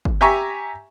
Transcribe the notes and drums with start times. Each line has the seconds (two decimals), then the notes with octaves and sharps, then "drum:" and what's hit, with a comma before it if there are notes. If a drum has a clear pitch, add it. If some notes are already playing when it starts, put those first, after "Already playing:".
0.05 drum: kick
0.21 G4 E5 G#5 A#5 C#6